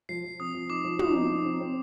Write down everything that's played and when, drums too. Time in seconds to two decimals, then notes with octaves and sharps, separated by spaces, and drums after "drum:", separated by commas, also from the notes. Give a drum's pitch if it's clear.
0.09 F3 C7
0.24 F3
0.39 C4 D#6
0.55 F3
0.70 D#4 D6
0.84 F3
0.99 F3 D#6, drum: tom
1.15 D#4
1.30 F3
1.44 C4
1.60 C4